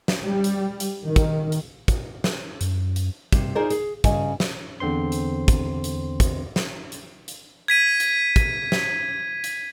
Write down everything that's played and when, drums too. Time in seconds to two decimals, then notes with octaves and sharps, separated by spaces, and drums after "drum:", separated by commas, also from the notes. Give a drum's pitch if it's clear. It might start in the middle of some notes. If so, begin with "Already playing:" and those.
0.08 drum: snare
0.24 G3
0.44 drum: hi-hat
0.80 drum: hi-hat
1.05 D#3
1.16 drum: kick, hi-hat
1.52 drum: hi-hat
1.88 drum: kick, hi-hat
2.24 drum: snare
2.61 F#2, drum: hi-hat
2.96 drum: hi-hat
3.32 G2 C3, drum: kick, hi-hat
3.55 D#4 F4 G#4 A#4 C5 D5
3.70 G#4, drum: hi-hat
4.04 G2 C#3 D#5 G#5, drum: kick, hi-hat
4.40 drum: snare
4.80 E2 D3 C4 C5 C6
5.12 drum: hi-hat
5.48 drum: kick, hi-hat
5.84 drum: hi-hat
6.20 drum: kick, hi-hat
6.56 drum: snare
6.92 drum: hi-hat
7.28 drum: hi-hat
7.68 G#6 B6 D#7
8.00 drum: hi-hat
8.36 drum: kick, hi-hat
8.72 drum: snare
9.44 drum: hi-hat